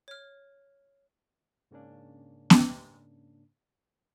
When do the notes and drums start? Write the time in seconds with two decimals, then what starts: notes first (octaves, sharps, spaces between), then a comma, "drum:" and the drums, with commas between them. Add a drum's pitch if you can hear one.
0.08 C#5 F6
1.71 G#2 C#3 A#3 C#4 D4
2.50 drum: snare B3